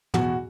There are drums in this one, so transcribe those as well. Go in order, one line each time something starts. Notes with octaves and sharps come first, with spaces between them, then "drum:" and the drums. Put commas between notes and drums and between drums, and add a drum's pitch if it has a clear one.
E2 B2 F#4, drum: tom